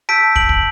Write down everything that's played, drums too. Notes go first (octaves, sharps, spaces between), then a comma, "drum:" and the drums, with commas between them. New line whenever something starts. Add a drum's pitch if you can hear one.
A5 E6 G6 B6 D7
D7 F#7, drum: kick
drum: kick